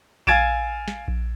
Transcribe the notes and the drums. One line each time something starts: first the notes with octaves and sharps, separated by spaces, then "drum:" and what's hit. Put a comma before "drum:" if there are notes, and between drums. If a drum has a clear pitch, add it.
F5 G#5 G#6 A6 D7 E7, drum: kick A#1
drum: snare
drum: kick A#1